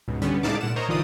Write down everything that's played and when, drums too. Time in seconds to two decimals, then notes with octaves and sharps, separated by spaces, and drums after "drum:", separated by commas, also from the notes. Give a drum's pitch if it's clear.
0.08 C#2 G#2 B2
0.22 D3 G3 B3 C#4, drum: hi-hat
0.43 A2 D#4 E4 F5 A5 D6, drum: snare
0.61 A#2 F#5 E7
0.76 A#4 C5 C#5 D#5 A#5
0.88 G1 E3 D#4 F4 D5 D#6